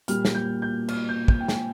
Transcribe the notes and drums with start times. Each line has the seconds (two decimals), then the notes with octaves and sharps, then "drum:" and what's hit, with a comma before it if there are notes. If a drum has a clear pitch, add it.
0.08 A#2 G3 F6, drum: hi-hat
0.25 drum: snare
0.35 G6
0.62 G6
0.88 F6, drum: cymbal
1.09 G6
1.28 G6, drum: kick
1.40 G5
1.48 G#5, drum: snare